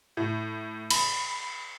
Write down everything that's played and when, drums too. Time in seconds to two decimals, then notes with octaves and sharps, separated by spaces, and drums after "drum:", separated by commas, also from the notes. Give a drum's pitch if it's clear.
0.17 A2
0.91 B5, drum: cymbal